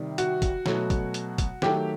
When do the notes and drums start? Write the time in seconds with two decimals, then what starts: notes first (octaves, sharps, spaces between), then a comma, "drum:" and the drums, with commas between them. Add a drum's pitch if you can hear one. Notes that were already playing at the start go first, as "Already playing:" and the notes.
Already playing: C3 D#3 G3
0.18 F#4, drum: hi-hat
0.42 drum: kick, hi-hat
0.66 B2 F#3 A3, drum: snare
0.90 drum: kick, hi-hat
1.14 drum: hi-hat
1.38 drum: kick, hi-hat
1.62 D#3 F#3 A3 G4, drum: snare